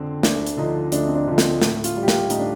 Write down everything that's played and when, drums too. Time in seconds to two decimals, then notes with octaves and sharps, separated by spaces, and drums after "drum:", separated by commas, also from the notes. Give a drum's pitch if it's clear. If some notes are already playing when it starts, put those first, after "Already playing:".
Already playing: F2 D3 C4
0.23 D2 D4, drum: snare
0.47 drum: hi-hat
0.57 D3 F3 D#4
0.92 D2 D4, drum: hi-hat
1.07 C4
1.16 D4
1.28 D3 F3
1.38 C4, drum: snare
1.61 A2, drum: snare
1.84 F4, drum: hi-hat
1.96 G3
2.03 G4
2.08 F4, drum: snare
2.30 A2 D#4, drum: hi-hat
2.40 D4